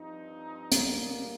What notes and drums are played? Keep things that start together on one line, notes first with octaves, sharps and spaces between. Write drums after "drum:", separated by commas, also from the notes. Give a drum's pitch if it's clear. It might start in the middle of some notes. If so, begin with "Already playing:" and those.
Already playing: G2 F3 C4 D#4
A2 G3 A#3, drum: hi-hat